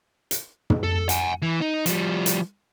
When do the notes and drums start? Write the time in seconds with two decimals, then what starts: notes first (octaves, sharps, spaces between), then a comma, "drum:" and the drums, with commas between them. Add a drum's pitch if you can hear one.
0.31 drum: hi-hat
0.70 drum: tom
0.83 A4
1.09 F#5 G#5, drum: hi-hat
1.42 E3
1.61 D#4
1.86 F3 G3, drum: hi-hat
2.26 drum: hi-hat